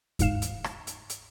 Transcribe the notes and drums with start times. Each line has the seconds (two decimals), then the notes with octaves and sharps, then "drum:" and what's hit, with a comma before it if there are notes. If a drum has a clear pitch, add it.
0.19 G1 G#2 F5 E7, drum: kick D#2, hi-hat
0.42 drum: hi-hat
0.64 drum: rim click
0.87 drum: hi-hat
1.10 drum: hi-hat